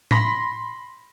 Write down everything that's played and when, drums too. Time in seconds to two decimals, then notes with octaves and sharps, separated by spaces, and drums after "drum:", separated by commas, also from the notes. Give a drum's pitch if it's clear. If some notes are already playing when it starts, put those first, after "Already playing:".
0.11 B5 C6 A#6 B6, drum: tom A2